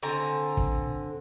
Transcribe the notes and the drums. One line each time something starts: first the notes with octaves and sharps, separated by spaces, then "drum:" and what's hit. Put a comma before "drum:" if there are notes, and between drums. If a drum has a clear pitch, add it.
D3 C4 G#5 A#5
drum: kick